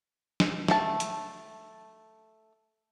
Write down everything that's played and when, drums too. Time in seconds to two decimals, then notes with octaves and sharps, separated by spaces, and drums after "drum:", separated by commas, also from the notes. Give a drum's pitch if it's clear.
0.40 drum: snare
0.68 A3 A5, drum: snare
1.00 drum: hi-hat